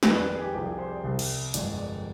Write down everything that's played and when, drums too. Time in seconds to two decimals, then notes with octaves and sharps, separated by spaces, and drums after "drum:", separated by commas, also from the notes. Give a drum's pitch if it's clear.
0.03 F2 D#3 G3 B4, drum: snare
0.16 D5
0.28 D5
0.35 G#4
0.41 G4
0.54 C2 C3 F3 G4
0.65 G#4
0.79 C5
0.92 D5
1.04 C2 C3 G3
1.19 drum: cymbal
1.54 G1 F2 D3 F3 G#3 D5, drum: hi-hat
1.78 D5